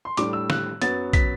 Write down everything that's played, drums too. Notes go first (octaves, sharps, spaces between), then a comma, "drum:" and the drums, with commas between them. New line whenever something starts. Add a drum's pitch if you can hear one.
C6
A2 G3 D4 D6, drum: hi-hat
E6
F#6, drum: snare
F#2 F#3 B3 A6, drum: hi-hat
B6, drum: kick, hi-hat